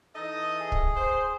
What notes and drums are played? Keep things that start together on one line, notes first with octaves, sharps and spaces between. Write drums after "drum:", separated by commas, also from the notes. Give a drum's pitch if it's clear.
E3 D#4 A4 D#5
G#4
drum: kick
C5